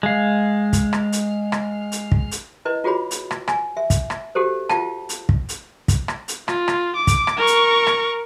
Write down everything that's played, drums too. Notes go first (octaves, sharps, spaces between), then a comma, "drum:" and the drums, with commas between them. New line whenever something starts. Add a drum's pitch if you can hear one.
G#3 F5
drum: kick, hi-hat
drum: rim click
drum: hi-hat
drum: rim click
drum: hi-hat
drum: kick
drum: hi-hat
E4 B4 D#5
F4 F#4 G#4 C#5 B5
drum: hi-hat
drum: rim click
G#5, drum: rim click
E5
drum: kick, hi-hat
drum: rim click
F#4 G4 A4 C5
F4 F5 G5 A5, drum: rim click
drum: hi-hat
drum: kick
drum: hi-hat
drum: kick, hi-hat
drum: rim click
drum: hi-hat
F4, drum: rim click
drum: rim click
D6
drum: kick, hi-hat
drum: rim click
A#4 C#6
drum: hi-hat
drum: rim click